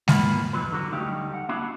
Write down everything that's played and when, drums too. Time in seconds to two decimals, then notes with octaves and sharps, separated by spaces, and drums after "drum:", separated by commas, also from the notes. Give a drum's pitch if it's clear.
0.08 D#2 G#2 A#3 B3 F4 B5, drum: snare G#3
0.53 F2 E3 F#3 B4
0.72 D3 F#3 F#4
0.93 D2 G3 A3 D#4 G4 F5
1.34 F#5
1.49 A#3 D4 E4 F#4 F5